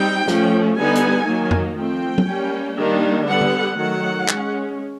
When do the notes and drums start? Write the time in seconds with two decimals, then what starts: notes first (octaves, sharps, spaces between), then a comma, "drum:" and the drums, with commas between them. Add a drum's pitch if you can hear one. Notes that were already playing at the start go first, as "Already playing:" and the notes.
Already playing: G3 C4 D#4 G5
0.28 F3 A3 C#4, drum: snare
0.78 D3 G3 B3 D#4 G#5
0.95 drum: hi-hat
1.28 D#3 F#3 A#3
1.51 drum: tom F2
1.78 F3 A3 C4 G5
2.18 drum: tom F#3
2.28 G3 A#3 C#4
2.78 D#3 G3 A#3 D4
3.28 D3 G3 B3 F#5
3.41 drum: tom
3.78 D#3 F#3 A3 F#5
4.28 G#3 C#4, drum: clap